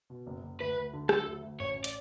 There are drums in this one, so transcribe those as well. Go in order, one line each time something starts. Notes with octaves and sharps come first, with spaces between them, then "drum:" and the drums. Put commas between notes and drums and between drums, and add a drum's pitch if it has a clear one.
B2
F#1
F#1
D2 B4
D2
D3
F#3 A4, drum: rim click
D2
D2
A1 C#5
C#4
D5, drum: hi-hat